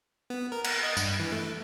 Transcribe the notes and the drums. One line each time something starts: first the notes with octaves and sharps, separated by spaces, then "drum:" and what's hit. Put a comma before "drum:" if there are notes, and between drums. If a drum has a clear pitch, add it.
B3
A#4
F#5, drum: cymbal
D#5
G2, drum: tambourine
E3
A3